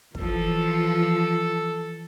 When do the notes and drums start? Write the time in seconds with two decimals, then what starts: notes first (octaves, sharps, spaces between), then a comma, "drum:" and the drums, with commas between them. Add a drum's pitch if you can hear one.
0.15 E3 F3 A4, drum: kick